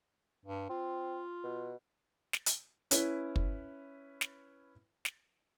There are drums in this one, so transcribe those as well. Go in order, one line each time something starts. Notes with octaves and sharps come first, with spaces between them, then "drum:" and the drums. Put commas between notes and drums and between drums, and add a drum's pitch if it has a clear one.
G2
C4 F4
B2
drum: snare
drum: hi-hat
C#4 E4 B4, drum: hi-hat
drum: kick
drum: snare
drum: snare